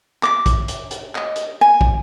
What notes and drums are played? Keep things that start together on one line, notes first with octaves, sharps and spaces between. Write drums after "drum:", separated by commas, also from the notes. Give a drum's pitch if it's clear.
D6, drum: clap
drum: kick, hi-hat
drum: hi-hat
drum: hi-hat
D#5, drum: clap
drum: hi-hat
G#5
drum: kick